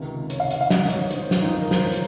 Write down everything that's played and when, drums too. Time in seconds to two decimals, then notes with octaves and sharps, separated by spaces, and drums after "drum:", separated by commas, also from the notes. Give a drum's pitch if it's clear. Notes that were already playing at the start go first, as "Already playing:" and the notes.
Already playing: C#2 C3 D#3 F4
0.30 C#5, drum: hi-hat
0.40 F5
0.50 F#5, drum: hi-hat
0.61 F5
0.70 G#1 G#2 D#3 D#5, drum: snare
0.90 C#5, drum: hi-hat
1.04 C#5
1.10 C5, drum: hi-hat
1.20 C5
1.31 F4, drum: snare
1.41 D#4
1.51 F#1 F2 D#3 F4
1.62 A#4
1.71 C5, drum: snare
1.81 C#5
1.92 A#4, drum: hi-hat